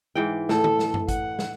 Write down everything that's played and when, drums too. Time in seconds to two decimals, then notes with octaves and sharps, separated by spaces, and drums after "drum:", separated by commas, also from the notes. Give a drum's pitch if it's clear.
0.15 G#2 E3 G5
0.49 A2 A4, drum: snare
0.64 drum: tom D3
0.79 drum: snare
0.94 drum: tom F#2
1.09 F#5, drum: kick G#1, hi-hat
1.39 drum: snare